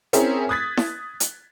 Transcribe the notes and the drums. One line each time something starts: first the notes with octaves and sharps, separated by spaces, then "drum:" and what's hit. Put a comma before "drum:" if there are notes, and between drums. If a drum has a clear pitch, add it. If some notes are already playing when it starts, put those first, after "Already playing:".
C4 C#4 E4 G#4 A#4, drum: hi-hat
D#6 F#6 G#6 A6 B6
drum: snare E4
drum: hi-hat